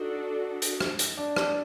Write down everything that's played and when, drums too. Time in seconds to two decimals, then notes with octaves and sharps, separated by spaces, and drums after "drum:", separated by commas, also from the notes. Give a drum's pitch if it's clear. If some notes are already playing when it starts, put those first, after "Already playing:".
Already playing: D4 D#4 F#4 A4
0.62 drum: hi-hat
0.81 drum: rim click
0.99 drum: hi-hat
1.17 D4
1.36 D4, drum: rim click